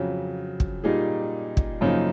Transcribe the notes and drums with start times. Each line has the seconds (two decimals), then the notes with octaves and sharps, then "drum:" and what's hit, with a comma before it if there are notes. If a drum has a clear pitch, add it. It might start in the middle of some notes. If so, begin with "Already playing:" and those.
Already playing: F2 C#3 F#3
0.60 drum: kick
0.84 A#2 G3 A#3 D#4 G#4
1.57 drum: kick
1.81 F#2 C#3 F3 A#3 D#4